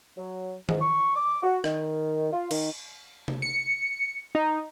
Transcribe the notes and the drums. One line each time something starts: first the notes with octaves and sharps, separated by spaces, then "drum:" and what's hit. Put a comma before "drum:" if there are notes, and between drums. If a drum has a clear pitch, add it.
F#3
G#2, drum: tom D#3
C#6
D6
F#4
D#3, drum: rim click
F4
D#3, drum: cymbal
drum: tom
C#7
D#4